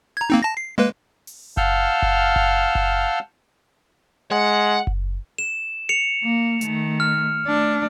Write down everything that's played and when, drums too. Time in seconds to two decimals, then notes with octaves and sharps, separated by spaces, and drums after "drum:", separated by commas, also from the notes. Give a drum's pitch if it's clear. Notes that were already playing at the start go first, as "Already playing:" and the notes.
0.17 A#5 G#6
0.30 A#3 C4 D#4
0.42 A5 A#6
0.57 C7
0.78 G#3 A#3 B4
1.27 drum: open hi-hat
1.57 F5 F#5 A5 E6 F6 G6, drum: kick F#1
2.02 drum: kick F#1
2.36 drum: kick F#1
2.75 drum: kick F#1
4.31 G#3 F#5
4.87 drum: kick F#1
5.38 E7
5.89 C#7 F7
6.23 A#3
6.61 D#3 A3, drum: hi-hat
7.00 F6
7.46 A3 D4